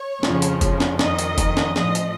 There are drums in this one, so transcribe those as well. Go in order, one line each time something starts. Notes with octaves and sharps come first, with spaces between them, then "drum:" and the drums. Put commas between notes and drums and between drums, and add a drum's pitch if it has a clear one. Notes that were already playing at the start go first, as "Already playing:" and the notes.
Already playing: C#5
F2 C#3 F3, drum: snare
drum: hi-hat
drum: kick F1, hi-hat
drum: snare
F2 D#3 D#5, drum: snare
drum: hi-hat
drum: kick F1, hi-hat
drum: snare
A2 F3 D#5, drum: snare
drum: hi-hat